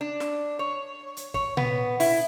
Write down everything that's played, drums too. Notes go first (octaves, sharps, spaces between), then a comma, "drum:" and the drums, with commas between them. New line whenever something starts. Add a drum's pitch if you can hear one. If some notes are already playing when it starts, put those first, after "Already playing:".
D4
drum: snare
C#5
drum: hi-hat
C#5, drum: kick
B3, drum: tom A#2
E4, drum: open hi-hat